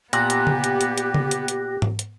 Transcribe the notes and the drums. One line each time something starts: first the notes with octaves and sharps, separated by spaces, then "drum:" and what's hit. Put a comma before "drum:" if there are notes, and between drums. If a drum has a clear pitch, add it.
A#2 B3 G4 G5 F#6 A#6, drum: hi-hat
drum: hi-hat
drum: tom C#3
drum: hi-hat
drum: hi-hat
drum: hi-hat
drum: tom C#3
drum: hi-hat
drum: hi-hat
drum: tom G#2
drum: hi-hat